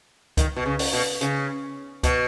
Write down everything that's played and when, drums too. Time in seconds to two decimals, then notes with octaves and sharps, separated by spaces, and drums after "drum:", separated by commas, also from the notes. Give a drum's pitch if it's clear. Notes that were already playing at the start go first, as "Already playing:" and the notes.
0.37 D#3, drum: kick C#2, hi-hat
0.56 B2
0.66 C#3
0.79 drum: open hi-hat
0.93 B2
1.21 C#3, drum: hi-hat
2.03 B2, drum: kick C#2, hi-hat